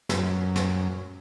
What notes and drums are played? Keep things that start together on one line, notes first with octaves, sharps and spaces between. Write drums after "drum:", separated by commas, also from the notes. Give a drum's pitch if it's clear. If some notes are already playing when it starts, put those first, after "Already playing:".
F#2, drum: snare
drum: snare